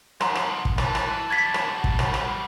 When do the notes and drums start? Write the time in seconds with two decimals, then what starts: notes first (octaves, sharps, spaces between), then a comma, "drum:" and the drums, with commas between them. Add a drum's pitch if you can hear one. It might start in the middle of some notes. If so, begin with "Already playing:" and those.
0.21 D#4 A4 F#5 A#5 C6, drum: rim click
0.35 drum: rim click
0.65 drum: kick
0.78 E3 A5, drum: rim click
0.95 drum: rim click
1.30 G3 F#4 G#6 A6 B6
1.54 drum: rim click
1.84 drum: kick
1.99 drum: rim click
2.14 drum: rim click